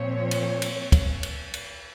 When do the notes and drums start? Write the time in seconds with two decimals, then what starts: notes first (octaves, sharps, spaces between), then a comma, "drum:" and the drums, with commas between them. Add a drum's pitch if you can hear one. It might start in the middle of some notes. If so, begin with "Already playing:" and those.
Already playing: A#2 F3 C4 C#5
0.31 drum: cymbal
0.62 drum: cymbal
0.92 drum: kick, cymbal
1.23 drum: cymbal
1.54 drum: cymbal